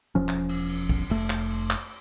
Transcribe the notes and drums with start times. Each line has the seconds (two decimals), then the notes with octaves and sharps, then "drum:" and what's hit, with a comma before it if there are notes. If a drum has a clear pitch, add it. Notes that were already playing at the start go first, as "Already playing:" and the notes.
0.15 E1 F3 C#4
0.29 drum: clap
0.49 drum: cymbal
0.69 drum: cymbal
0.89 drum: kick, cymbal
1.10 F1 A3, drum: cymbal
1.30 drum: clap
1.50 drum: cymbal
1.71 drum: clap